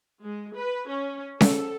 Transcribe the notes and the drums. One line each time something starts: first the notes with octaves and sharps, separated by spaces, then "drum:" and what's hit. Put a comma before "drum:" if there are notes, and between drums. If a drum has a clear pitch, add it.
G#3
B4
C#4
A4, drum: snare C#4